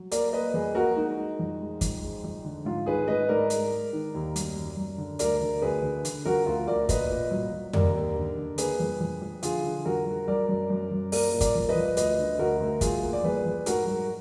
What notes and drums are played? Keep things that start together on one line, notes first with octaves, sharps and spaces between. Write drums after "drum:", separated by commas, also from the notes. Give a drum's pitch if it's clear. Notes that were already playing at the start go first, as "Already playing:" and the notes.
Already playing: F#3
A#3 A#4 D5, drum: hi-hat
A#3 B4 D#5
F2 G#4 B4
A#3 F#4 A#4
G#3 D#4
G#3
F2
G#3
F2, drum: kick, hi-hat
G#3
F2
D3
G#2 F4
D#3 G#4 B4
G#2 B4 D#5
G#2 A#4 D5
G#3, drum: hi-hat
G#3
D#3
D#2
F#2, drum: hi-hat
F#2
F#2
D3
D2 A#4 D5, drum: hi-hat
D3
D2 G#4 B4
D3
D3, drum: hi-hat
F3 F#4 A#4
D2 F4
D2 A#4 D5
A#2 B4 D#5, drum: kick, hi-hat
A#2
F#3
F#3
D#2 A#4 D5, drum: tom F2
D#2
D3
D3
A#3 G#4 B4, drum: hi-hat
F2
F2
F2
D3 F4 G#4, drum: hi-hat
D3
F2 F#4 A#4
F#3
F#3 A#4 D5
F#2
F#2
F#2
A#3 A#4 D5, drum: open hi-hat
A#2
A#4 D5, drum: kick, hi-hat
F3
B4 D#5
F3
D2 B4 D#5, drum: hi-hat
D3
D2 F#4 A#4
D2
F2 F4 G#4, drum: kick, hi-hat
A#3
D5
F2 G#4 B4
F2
G#2 F#4 A#4, drum: hi-hat
F#3